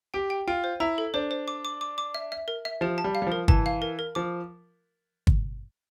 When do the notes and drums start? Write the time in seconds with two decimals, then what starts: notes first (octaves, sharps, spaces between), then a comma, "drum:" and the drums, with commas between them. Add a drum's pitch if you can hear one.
0.14 G4 G5
0.30 G5
0.48 F4 G5
0.64 C5
0.80 E4 A#5
0.98 A4
1.14 D4 C5
1.31 C5
1.48 D6
1.65 D6
1.81 D6
1.98 D6
2.15 E5
2.32 E5
2.48 A#4
2.65 E5
2.81 F3 G4
2.98 A5
3.04 G3
3.15 F5
3.22 G3
3.27 F3
3.32 A#4
3.48 E3 A5, drum: kick
3.66 F5
3.82 A#4
3.99 A#4
4.15 F3 D6
5.27 drum: kick